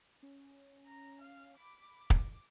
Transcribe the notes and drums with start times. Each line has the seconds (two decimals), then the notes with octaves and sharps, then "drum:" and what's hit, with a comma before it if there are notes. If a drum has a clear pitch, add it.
0.23 C#4
0.86 A#5
1.21 F5
1.57 B5 D6
2.10 drum: kick